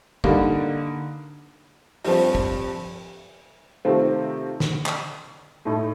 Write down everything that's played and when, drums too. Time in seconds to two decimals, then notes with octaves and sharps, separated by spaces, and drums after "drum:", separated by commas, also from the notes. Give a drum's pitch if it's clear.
0.24 D3 G3 A#3 D#4, drum: kick
2.05 G2 F3 C4, drum: open hi-hat
2.35 drum: kick
3.85 C3 D#3 A3 C4 F4
4.60 drum: snare
4.86 drum: clap
5.65 A2 A3 D#4